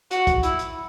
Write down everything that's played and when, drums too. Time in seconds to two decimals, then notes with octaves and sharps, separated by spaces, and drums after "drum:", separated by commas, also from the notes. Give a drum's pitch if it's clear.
0.11 F#4, drum: hi-hat
0.27 drum: kick, hi-hat
0.43 E4, drum: hi-hat
0.59 drum: hi-hat